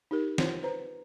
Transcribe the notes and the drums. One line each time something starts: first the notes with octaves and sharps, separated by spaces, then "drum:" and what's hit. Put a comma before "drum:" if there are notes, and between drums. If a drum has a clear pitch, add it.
D#4 G4 A#4
F4 C5 C#5, drum: snare
B4 C5 A#5